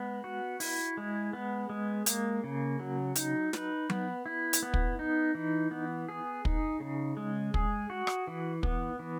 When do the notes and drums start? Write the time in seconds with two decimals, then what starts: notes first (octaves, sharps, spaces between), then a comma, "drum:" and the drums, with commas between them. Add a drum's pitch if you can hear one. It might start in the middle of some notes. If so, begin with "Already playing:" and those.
Already playing: G#3 B3
0.24 F#4
0.60 E4, drum: open hi-hat
0.97 G#3
1.33 B3
1.69 G#3
2.06 A#3, drum: hi-hat
2.44 C#3
2.79 F#3
3.15 D#4, drum: hi-hat
3.53 B4, drum: snare
3.90 B3, drum: tom F#3
4.26 E4
4.53 drum: hi-hat
4.63 B3
4.74 drum: kick
4.99 D#4
5.35 E3
5.71 B3
6.09 G#4
6.45 D#4, drum: kick
6.80 C#3
7.17 G#3
7.54 G#4, drum: kick
7.90 F#4
8.07 drum: rim click
8.27 E3
8.63 B3, drum: kick
8.99 E3